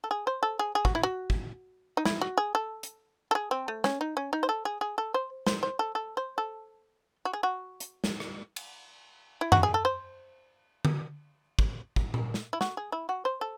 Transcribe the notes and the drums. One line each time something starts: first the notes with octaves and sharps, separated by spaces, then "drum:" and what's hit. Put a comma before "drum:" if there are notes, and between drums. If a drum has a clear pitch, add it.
A4
G#4
C5
A4
G#4
G#4
F#4, drum: kick
E4
F#4
drum: kick
D#4
E4, drum: snare
F#4
G#4
A4
drum: hi-hat
A4
G#4
C4
A3
C#4, drum: snare
D#4
C#4
D#4
C5
A4
G#4
G#4
A4
C5
C5, drum: snare
C5
A4
A4
C5
A4
F#4
G#4
F#4
drum: hi-hat
drum: snare
drum: rim click
drum: cymbal
E4
F#4, drum: tom F#2
G#4
A4
C5
drum: tom D3
drum: kick
drum: kick
drum: tom A#2
drum: snare
E4
F#4, drum: snare
G#4
E4
F#4
C5
A4